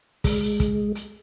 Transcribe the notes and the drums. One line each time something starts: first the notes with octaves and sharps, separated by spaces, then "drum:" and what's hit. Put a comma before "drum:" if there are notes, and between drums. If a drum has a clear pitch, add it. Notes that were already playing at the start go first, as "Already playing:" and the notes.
G#3, drum: kick, open hi-hat
drum: kick, hi-hat
drum: hi-hat